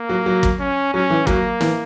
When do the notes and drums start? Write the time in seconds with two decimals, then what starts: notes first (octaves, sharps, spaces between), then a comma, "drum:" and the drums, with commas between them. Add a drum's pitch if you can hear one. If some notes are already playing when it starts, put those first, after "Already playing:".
Already playing: A#3
0.09 F#3
0.26 F#3
0.43 drum: kick
0.60 C#4
0.94 F#3 C#4
1.10 E3
1.27 F#3 A#3, drum: kick
1.61 E3, drum: snare